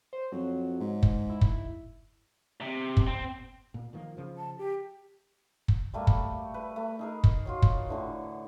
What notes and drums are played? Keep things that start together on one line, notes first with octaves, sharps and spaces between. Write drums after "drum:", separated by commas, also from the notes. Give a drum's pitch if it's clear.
C5
F2 F#3
G#2
drum: kick
E4
drum: kick
C3
drum: kick
C4
A#2
D#3 F3 A#3
C#3 F3
A5
G4
drum: kick
G3 A3 A#3
drum: kick
B4
A3
D#4 G#4 A#4
drum: kick
F4 F#4 C#5
drum: kick
A2 D3 E3